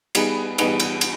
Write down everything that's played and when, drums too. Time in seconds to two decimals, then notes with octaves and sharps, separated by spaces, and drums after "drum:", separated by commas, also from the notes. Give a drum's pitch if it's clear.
0.15 G3 B3 D#4 G#4 B4, drum: cymbal
0.58 G3 B3 D#4 G#4 B4, drum: cymbal
0.80 drum: cymbal
1.01 drum: cymbal